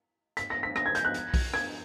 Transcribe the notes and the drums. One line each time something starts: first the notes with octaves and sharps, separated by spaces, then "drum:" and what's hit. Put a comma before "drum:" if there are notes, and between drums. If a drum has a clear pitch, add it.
B6, drum: hi-hat
A#6
B6
A#6, drum: rim click
G#6
G6, drum: hi-hat
F#6
drum: hi-hat
drum: kick B1, open hi-hat
G#6, drum: rim click